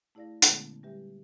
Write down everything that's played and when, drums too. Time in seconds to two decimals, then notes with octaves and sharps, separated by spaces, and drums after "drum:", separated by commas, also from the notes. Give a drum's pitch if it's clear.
0.15 A3 E4 G#4 D5 F5 A#6
0.42 A#2 D3 G#3 A3 B3 C#4, drum: hi-hat
0.83 G3 G#3 G4 B4 E5